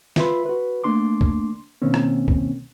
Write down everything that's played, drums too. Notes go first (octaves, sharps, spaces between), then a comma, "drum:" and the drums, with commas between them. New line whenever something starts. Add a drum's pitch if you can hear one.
F4 B4 E5 B5 C6, drum: snare
F#4 B4
A3 A#3 D4 C6 D6
drum: kick
B2 D#3 A#3 C4 C#4
drum: rim click
drum: kick